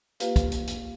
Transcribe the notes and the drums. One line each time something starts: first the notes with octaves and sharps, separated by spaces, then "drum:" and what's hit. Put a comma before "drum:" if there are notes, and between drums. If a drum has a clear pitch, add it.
A#3 F4 G4 B4 F5, drum: hi-hat
drum: kick, hi-hat
drum: hi-hat
drum: hi-hat